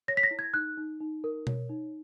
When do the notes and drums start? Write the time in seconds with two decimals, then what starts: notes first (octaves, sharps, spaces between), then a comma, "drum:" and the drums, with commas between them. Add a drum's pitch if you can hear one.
0.08 C#5 A#6
0.17 B6
0.23 A#6
0.31 E4
0.39 G#6
0.54 D#4 F#6
0.77 D#4
1.00 D#4
1.24 A#4
1.47 C#5, drum: tom B2
1.69 D#4